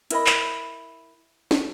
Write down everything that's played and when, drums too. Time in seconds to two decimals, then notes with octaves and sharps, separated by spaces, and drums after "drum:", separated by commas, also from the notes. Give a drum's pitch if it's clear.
0.10 E4 A#4 D#5 B5, drum: hi-hat
0.26 drum: clap
1.51 drum: snare